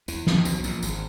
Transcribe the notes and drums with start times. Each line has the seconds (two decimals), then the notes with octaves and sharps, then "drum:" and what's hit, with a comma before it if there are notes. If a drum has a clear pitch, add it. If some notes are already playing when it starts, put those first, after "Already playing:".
0.08 E2 E3, drum: tambourine
0.27 D#2 D#3, drum: snare
0.45 B1 B2, drum: tambourine
0.58 G#2
0.64 A#1 A#2, drum: tambourine
0.83 G#1 G#2, drum: tambourine